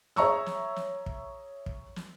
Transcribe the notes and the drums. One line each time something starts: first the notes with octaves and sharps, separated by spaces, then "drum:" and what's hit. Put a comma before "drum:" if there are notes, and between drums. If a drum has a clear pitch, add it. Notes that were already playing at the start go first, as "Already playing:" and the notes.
G#4 C#5 E5 A#5 C#6 E6, drum: snare
drum: snare
drum: snare
drum: kick
drum: kick
drum: snare